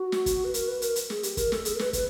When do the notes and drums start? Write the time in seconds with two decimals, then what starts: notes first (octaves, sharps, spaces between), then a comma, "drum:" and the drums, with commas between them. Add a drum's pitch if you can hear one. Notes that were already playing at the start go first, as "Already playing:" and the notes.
Already playing: F#4
0.12 drum: snare
0.26 drum: kick, hi-hat
0.44 B4
0.54 A#4, drum: hi-hat
0.68 B4
0.82 A#4, drum: hi-hat
0.96 drum: hi-hat
1.10 G#4, drum: snare
1.23 G4, drum: hi-hat
1.37 A#4, drum: kick, hi-hat
1.52 A4, drum: snare
1.65 G#4, drum: hi-hat
1.74 A#4
1.79 B4, drum: snare
1.93 B4, drum: kick, hi-hat